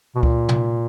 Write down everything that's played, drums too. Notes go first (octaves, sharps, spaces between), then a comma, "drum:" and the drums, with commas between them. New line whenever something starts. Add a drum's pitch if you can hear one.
B2
A#2, drum: kick C#2
drum: tom